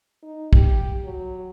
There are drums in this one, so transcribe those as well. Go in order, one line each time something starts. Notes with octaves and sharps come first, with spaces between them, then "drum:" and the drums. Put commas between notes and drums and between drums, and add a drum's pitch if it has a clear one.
D#4
G4, drum: kick
F#3